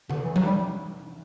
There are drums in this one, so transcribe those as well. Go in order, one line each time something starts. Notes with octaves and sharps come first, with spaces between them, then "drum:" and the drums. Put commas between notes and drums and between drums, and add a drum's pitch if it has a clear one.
D3, drum: tom C3
E3
F#3, drum: tom E3
G3